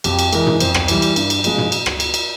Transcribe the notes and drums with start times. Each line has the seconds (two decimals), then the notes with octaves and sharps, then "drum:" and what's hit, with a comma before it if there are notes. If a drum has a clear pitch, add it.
0.04 F2 G4, drum: cymbal
0.19 drum: cymbal
0.33 E3 G#3 A#4, drum: cymbal
0.46 drum: tom
0.60 F2 C5, drum: cymbal
0.74 drum: rim click
0.88 E3 G3, drum: cymbal
1.02 drum: cymbal
1.16 G2, drum: cymbal
1.30 drum: cymbal
1.44 F3 G#3, drum: cymbal
1.58 drum: tom
1.72 drum: cymbal
1.86 drum: rim click
2.00 drum: cymbal
2.14 drum: cymbal